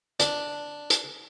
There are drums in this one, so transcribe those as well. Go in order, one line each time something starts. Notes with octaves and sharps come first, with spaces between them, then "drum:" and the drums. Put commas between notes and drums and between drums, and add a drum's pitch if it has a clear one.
D4, drum: hi-hat
drum: hi-hat